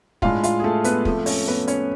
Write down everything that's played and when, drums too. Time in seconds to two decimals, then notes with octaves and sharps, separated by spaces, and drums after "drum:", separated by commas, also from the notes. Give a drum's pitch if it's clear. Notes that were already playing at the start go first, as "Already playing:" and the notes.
0.22 A2 G#3 D4 F4 F5, drum: kick
0.44 F4 F5, drum: hi-hat
0.60 G#4
0.64 A3 A4
0.84 B3 B4, drum: hi-hat
1.05 F2 F3 A3, drum: kick
1.26 C#4 C#5, drum: open hi-hat
1.48 B3 B4
1.67 C#4 C#5, drum: hi-hat